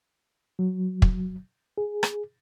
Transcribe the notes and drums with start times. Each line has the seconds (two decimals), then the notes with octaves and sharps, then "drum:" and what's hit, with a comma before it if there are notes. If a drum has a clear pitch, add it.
0.59 F#3
1.02 drum: kick
1.78 G#4
2.03 drum: rim click